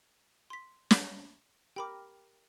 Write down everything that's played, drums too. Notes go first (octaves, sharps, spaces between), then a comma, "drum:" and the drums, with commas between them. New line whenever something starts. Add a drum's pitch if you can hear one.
C6 B6
drum: snare
G4 A#4 G5 B5 D6